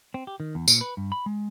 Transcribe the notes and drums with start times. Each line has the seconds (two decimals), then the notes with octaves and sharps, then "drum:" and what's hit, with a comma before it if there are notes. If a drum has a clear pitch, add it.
0.14 C4
0.27 G4
0.40 D#3
0.55 E2
0.68 A#2, drum: tambourine
0.81 B4
0.97 G2
1.12 B5
1.26 G#3